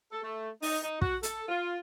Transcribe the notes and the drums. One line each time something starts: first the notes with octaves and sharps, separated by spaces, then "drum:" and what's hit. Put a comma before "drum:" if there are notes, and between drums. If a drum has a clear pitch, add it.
A4
A3
D#4, drum: open hi-hat
D#4
F#4, drum: kick
A4, drum: hi-hat
F4